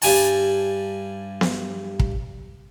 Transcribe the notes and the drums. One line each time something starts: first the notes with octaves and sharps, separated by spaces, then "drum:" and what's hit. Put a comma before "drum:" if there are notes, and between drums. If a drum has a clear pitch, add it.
G2 G#5 A5, drum: open hi-hat
drum: snare B3
drum: kick